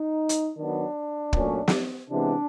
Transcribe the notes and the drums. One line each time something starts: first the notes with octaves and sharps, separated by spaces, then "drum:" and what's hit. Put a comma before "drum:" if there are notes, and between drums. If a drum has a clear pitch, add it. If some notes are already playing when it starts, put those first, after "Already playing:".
Already playing: D#4
drum: hi-hat
D#3 F#3 B3 D4
A#2 F#3 A3 C#4, drum: kick
drum: snare
C3 E3 G#3 B3 D4